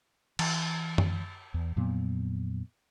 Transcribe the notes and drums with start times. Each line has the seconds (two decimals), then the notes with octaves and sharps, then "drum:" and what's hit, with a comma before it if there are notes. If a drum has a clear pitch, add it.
0.39 E3, drum: cymbal
0.98 drum: tom F#2
1.54 E2
1.76 F2 A#2 F#3 B3